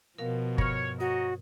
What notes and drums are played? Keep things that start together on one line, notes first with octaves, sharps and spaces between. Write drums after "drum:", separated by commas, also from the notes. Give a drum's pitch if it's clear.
B2 F3 A#4 F5
G2 C#5 F6, drum: kick
F#4 C#5 D#5 A#5